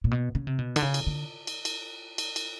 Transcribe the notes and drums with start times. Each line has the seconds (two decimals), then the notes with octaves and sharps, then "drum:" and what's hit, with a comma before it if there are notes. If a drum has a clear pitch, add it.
0.04 A#2
0.11 B2
0.35 C#3
0.47 C3
0.59 B2
0.76 D3, drum: cymbal
0.82 C#3
0.94 drum: cymbal
1.07 D3
1.47 drum: cymbal
1.65 drum: cymbal
2.18 drum: cymbal
2.36 drum: cymbal